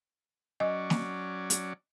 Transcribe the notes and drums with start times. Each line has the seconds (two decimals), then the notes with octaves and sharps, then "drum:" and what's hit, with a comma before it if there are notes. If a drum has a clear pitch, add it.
0.60 F#3 C#4 D5 D#5
0.90 drum: snare
1.50 drum: hi-hat